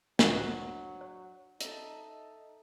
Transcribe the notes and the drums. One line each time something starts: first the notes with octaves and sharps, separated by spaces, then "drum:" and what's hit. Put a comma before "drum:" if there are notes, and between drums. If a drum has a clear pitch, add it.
F#3 D4 C5, drum: snare
C#5
D#4 A4 D#5 E5, drum: hi-hat